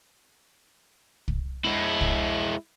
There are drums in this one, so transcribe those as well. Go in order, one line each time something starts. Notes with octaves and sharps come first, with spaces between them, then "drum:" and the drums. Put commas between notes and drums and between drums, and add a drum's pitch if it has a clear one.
drum: kick
G#3 E4
drum: kick